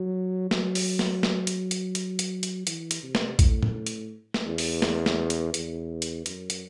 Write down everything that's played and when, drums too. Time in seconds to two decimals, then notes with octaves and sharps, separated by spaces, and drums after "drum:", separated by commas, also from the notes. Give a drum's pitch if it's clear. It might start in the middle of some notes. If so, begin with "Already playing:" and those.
Already playing: F#3
0.51 F#3, drum: snare
0.75 drum: open hi-hat
0.99 drum: snare
1.23 drum: snare
1.47 drum: hi-hat
1.71 drum: hi-hat
1.95 drum: hi-hat
2.19 drum: hi-hat
2.43 drum: hi-hat
2.67 E3, drum: hi-hat
2.91 drum: hi-hat
3.03 C3
3.15 drum: snare
3.39 A2, drum: kick, hi-hat
3.63 drum: tom
3.86 drum: hi-hat
4.34 drum: snare
4.46 E2
4.58 drum: open hi-hat
4.82 drum: snare
5.06 drum: snare
5.30 drum: hi-hat
5.54 E2, drum: hi-hat
6.02 drum: hi-hat
6.26 F#2, drum: hi-hat
6.50 drum: hi-hat